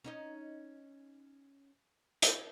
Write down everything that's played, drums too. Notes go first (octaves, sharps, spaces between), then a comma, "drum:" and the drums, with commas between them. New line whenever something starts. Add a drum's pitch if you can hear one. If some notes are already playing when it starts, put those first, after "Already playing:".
C#4 D#4 D#5
drum: hi-hat